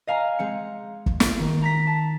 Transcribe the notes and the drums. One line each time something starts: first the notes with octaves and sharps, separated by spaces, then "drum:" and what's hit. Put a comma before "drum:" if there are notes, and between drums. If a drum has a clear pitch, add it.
D#5 F5 G#5 A#5
G#3 C4 C#7
drum: kick
drum: snare
D#3
A#5 A#6 B6
A5